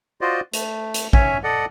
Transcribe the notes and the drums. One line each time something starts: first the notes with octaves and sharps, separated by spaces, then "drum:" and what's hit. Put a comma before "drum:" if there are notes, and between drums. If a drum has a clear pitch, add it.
F4 F#4 C5 D5 D#5
A3, drum: hi-hat
drum: hi-hat
C#4 C#5 E5 G#5, drum: kick
A4 D5 D#5 F#5